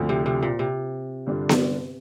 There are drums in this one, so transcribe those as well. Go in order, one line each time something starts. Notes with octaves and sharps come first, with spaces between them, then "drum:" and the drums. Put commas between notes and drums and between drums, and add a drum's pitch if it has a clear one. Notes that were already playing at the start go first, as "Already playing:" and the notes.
Already playing: D2 D3 F3 C4
C3
C3
A#2
C3
G2 D3 G3 D4 F4
drum: snare B3